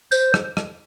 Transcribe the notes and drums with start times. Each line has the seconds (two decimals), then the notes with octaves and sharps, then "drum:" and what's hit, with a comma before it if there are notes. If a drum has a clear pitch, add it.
0.12 C5, drum: tambourine
0.34 drum: rim click
0.57 drum: rim click